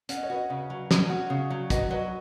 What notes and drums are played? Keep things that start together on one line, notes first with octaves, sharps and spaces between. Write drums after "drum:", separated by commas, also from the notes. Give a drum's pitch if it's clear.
C#4 F#5, drum: hi-hat
D#5
C#5
F#4 B4 D#5
C#3
F#3
C#4, drum: snare
F#4
C#3
F#3
F#4 B4 D#5, drum: kick, hi-hat
F#3 B4 D#5